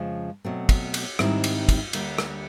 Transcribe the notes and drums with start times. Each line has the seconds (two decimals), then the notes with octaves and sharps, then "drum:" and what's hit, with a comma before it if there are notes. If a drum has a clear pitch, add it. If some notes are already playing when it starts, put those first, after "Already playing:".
Already playing: F2 C#3 F3 G#3
0.44 B2 F#3 A3 C4
0.69 drum: kick, cymbal
0.94 drum: cymbal
1.19 G#2 D#3 G3 C4 E4, drum: rim click
1.44 drum: cymbal
1.69 drum: kick, cymbal
1.93 D2 D3 G3 A#3, drum: cymbal
2.18 drum: rim click